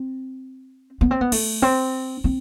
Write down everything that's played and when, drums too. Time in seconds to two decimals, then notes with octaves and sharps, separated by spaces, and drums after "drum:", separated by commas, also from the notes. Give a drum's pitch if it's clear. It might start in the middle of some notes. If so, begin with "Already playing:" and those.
Already playing: C4
1.01 B3
1.11 C4
1.21 B3
1.32 A3, drum: cymbal
1.62 C4
2.24 C4